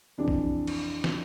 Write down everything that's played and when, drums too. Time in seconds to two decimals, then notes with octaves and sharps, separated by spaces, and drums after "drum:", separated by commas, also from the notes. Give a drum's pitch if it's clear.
0.18 F2 C3 E3 D4
0.28 drum: kick A#1
0.67 drum: cymbal
1.04 drum: snare